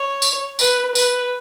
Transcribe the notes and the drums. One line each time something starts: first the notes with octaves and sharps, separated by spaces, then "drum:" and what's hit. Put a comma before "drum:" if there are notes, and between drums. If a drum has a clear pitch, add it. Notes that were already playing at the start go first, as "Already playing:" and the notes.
Already playing: C#5
drum: tambourine
B4, drum: tambourine
B4, drum: tambourine